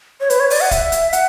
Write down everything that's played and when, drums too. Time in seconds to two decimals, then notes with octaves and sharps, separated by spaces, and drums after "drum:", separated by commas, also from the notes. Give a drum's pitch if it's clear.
0.20 C#5
0.30 B4, drum: hi-hat
0.40 C#5
0.50 D5, drum: open hi-hat
0.61 F#5
0.71 E5, drum: kick D1, hi-hat
0.92 drum: hi-hat
1.13 F#5, drum: hi-hat